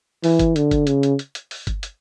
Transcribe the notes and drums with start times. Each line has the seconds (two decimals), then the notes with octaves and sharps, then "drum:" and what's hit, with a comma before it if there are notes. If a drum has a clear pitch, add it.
0.24 E3, drum: open hi-hat
0.39 drum: kick G1, hi-hat
0.56 D3, drum: hi-hat
0.71 drum: kick G1, hi-hat
0.87 C#3, drum: hi-hat
1.03 drum: hi-hat
1.19 drum: hi-hat
1.35 drum: hi-hat
1.51 drum: open hi-hat
1.67 drum: kick G1, hi-hat
1.83 drum: hi-hat